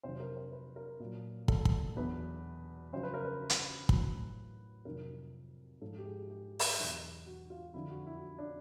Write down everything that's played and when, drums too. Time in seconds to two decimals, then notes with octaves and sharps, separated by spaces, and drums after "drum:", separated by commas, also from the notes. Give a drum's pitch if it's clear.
0.03 F2 C3 D#3 F#3 C5
0.20 A#4
0.36 C5
0.52 B4
0.76 A#4
1.00 A#2 F#3
1.48 A4, drum: kick
1.65 drum: kick
1.96 E2 B2 F#3 B4
2.92 F#2 C#3 F3 C5
3.03 B4
3.14 A#4
3.25 B4
3.50 drum: hi-hat
3.89 A2 F#3, drum: kick
4.85 F2 C3 D#3 F#3 A#4
5.81 G#2 F3 A4
5.98 G4
6.05 G#4
6.30 G4
6.59 drum: open hi-hat
6.78 E2 B2 F#3
7.26 F#4
7.50 F4
7.74 F2 D3 F3 E4
7.90 F#4
8.06 E4
8.38 D4